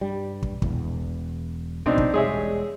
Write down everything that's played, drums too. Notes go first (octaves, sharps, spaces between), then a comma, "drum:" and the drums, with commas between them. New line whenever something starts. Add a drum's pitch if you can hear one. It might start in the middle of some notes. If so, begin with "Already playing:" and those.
G2 G3
drum: kick
E1 E2, drum: kick
C#2 B2 C4 D4 D#4
drum: kick
E1 G3 G#3 G#4 C#5 E5